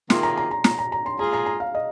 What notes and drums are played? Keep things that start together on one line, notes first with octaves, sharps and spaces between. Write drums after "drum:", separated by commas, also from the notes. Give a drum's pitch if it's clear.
C3 D#3 A#3 F4 G#4 C6, drum: snare
A#5
A#5
A#5
A#5, drum: snare
A#5
A#5
C6
A#2 G#3 F4 G#4 A#5
A#5
A#5
F5
D#5